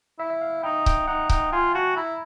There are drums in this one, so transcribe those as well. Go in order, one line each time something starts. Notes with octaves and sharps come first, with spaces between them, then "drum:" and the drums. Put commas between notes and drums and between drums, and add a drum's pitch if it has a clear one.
E4 E5
E5
F5
D#4 G5
G5, drum: kick C#1
D#4 F#5
D#4 G5, drum: kick C#1
F4 G#5
F#4 A5
E4 A#5